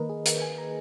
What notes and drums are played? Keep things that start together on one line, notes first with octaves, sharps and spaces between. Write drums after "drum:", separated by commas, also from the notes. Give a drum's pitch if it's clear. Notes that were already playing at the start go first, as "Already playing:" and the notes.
Already playing: D#3 A#3 A#4 B4 D#5
G#4
A#4, drum: hi-hat
G#5
A#5